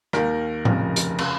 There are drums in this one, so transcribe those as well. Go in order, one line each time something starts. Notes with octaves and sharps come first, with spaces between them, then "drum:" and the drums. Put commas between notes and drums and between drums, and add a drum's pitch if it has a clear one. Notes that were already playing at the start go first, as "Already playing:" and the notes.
D#2 D#3 A#4, drum: rim click
F1 F2 C#3, drum: tom A2
drum: hi-hat
C#3, drum: cymbal